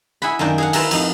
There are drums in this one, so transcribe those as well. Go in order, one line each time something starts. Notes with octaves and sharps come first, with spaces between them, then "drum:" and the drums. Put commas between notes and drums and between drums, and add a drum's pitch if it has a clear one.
E4 G#4 F#5 B5
F#2 D#3 A#3 D4 G5
G#4 F5 F#5
E4 A#4 B4 A5 C6, drum: cymbal
F2 D#4 F5, drum: cymbal